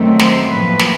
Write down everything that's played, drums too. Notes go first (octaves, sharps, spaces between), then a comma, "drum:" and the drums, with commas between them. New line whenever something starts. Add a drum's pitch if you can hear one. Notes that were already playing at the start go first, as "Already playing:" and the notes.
Already playing: F#2 D#3 F#3 A3 C4
C5, drum: snare
A2 F3 A#3 B4
drum: snare